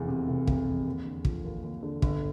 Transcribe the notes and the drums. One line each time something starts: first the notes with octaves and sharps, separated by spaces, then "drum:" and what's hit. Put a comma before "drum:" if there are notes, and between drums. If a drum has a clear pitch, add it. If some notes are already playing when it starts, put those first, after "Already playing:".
Already playing: F1 E2
C3
F1
F1, drum: kick
E2
D#2
D3
F3, drum: kick
D#2
D#2
D3
G1, drum: kick